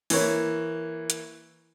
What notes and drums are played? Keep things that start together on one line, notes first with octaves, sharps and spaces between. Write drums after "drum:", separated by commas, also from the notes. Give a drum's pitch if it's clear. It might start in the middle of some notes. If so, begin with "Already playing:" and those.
E3 A#3 C#5, drum: open hi-hat
drum: hi-hat